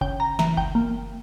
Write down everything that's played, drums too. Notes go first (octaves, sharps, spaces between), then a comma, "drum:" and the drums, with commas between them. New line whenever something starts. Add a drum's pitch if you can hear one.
C#3 G5, drum: kick F#1
A#5
E3 A#5, drum: snare
G5, drum: kick F#1
A#3